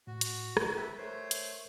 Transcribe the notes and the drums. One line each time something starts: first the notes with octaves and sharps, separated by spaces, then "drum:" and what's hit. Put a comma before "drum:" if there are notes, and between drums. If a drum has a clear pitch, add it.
A2 F#4
drum: hi-hat
A#4, drum: rim click
B4 E5 G5
A3 C5 C#5
drum: hi-hat